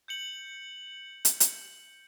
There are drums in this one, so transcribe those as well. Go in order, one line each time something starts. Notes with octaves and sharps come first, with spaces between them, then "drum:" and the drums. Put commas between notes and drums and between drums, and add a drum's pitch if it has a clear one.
G6 C#7 F#7
drum: hi-hat
drum: hi-hat